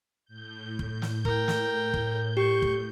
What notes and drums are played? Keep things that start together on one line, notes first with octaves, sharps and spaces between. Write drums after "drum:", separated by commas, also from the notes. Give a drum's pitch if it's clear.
A2 G6
drum: kick
drum: snare
A#4 G5, drum: kick
drum: snare
drum: kick
G4 C#6
drum: kick